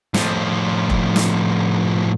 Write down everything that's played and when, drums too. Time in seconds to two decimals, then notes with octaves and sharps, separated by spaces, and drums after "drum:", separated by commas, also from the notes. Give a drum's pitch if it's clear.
0.14 A2 F3, drum: snare
0.90 drum: kick E1
1.16 drum: snare